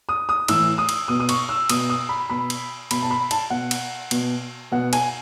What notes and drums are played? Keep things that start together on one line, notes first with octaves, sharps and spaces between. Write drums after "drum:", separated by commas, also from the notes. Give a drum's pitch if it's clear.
D#6
D#6
A2 E3 E6, drum: cymbal
D#6
drum: cymbal
B2 D#6
D#6
C#6, drum: cymbal
E6
B2 D#6, drum: cymbal
D#6
B5
B2 B5
drum: cymbal
B2 B5, drum: cymbal
A5
B5
A5, drum: cymbal
B2 F#5
drum: cymbal
B2, drum: cymbal
B2 F#5
G#5, drum: cymbal